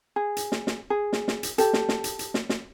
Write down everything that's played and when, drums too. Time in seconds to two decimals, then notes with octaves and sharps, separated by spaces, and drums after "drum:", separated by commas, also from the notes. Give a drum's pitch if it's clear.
0.16 G#4
0.37 drum: hi-hat
0.52 drum: snare
0.67 drum: snare
0.90 G#4
1.13 drum: snare
1.28 drum: snare
1.43 drum: hi-hat
1.58 G4 A4, drum: hi-hat
1.73 drum: snare
1.89 drum: snare
2.04 drum: hi-hat
2.19 drum: hi-hat
2.34 drum: snare
2.49 drum: snare